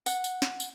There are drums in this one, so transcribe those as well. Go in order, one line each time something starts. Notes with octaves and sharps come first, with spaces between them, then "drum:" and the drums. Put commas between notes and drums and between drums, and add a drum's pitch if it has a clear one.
F#5, drum: tambourine
drum: tambourine
drum: snare
drum: tambourine